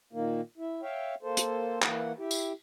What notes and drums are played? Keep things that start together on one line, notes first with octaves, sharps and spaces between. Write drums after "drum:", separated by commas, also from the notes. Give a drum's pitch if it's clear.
A#2 D#3 A#3
E4
C#5 E5 F5 G5
A#3 A4 C5
drum: hi-hat
E3 A#3 F#5, drum: clap
E4 G4
drum: tambourine